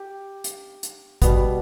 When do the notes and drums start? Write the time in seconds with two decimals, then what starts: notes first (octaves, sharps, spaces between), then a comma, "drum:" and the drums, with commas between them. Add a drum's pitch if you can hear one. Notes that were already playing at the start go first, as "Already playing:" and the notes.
Already playing: G4
0.44 drum: hi-hat
0.83 drum: hi-hat
1.22 B2 G3 B3, drum: kick G#1, hi-hat